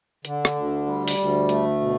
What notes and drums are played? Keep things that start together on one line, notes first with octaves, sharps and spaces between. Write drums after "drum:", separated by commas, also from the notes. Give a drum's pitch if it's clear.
D3, drum: hi-hat
drum: rim click
D2
G3
drum: open hi-hat
D2
A3, drum: hi-hat
B2